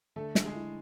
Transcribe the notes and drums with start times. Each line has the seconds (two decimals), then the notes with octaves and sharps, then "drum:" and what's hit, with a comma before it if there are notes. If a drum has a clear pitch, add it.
0.16 D3 A3 A4
0.35 D3, drum: snare
0.45 G#3 G#4
0.55 E4